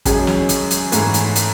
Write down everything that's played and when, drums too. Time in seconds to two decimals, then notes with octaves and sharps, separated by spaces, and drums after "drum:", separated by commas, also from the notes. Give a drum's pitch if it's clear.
0.05 F#2 C#3 G#3 C#4 G#4, drum: kick, hi-hat
0.27 drum: snare
0.49 drum: hi-hat
0.70 drum: hi-hat
0.92 G#2 E3 A3, drum: hi-hat
1.14 drum: hi-hat
1.35 drum: hi-hat